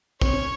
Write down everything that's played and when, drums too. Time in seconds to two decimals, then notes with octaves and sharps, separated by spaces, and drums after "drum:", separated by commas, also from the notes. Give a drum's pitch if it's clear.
0.21 C4 C#5, drum: kick, tambourine
0.33 C#4